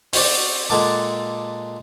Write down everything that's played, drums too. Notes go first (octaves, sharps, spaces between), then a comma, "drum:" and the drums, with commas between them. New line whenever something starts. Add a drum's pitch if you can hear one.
C4 F#4 D5, drum: open hi-hat
A#2 G#3 A4 F#5 A5 D6